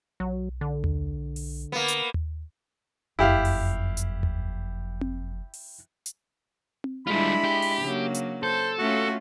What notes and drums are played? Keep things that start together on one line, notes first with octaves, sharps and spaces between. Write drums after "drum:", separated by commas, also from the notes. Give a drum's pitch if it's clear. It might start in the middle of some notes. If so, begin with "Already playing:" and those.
B1 F#3
D3
drum: tom D#2
drum: open hi-hat
A#3 B3
drum: hi-hat
drum: tom D#2
F#1 F2 E4 G4 F5
drum: open hi-hat
drum: hi-hat
drum: tom D#2
drum: tom C4
drum: open hi-hat
drum: hi-hat
drum: tom C4
G3 G#3 D4 E4 F4 B5
G4
drum: open hi-hat
C#3 F#3 A#3
drum: hi-hat
A4 C5
A3 C#4 F4 F#4